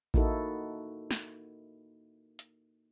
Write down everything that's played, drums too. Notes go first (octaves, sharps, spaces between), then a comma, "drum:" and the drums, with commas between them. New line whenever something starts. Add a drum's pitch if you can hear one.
A#3 D#4 E4 F#4 A4, drum: kick A1
drum: snare
drum: hi-hat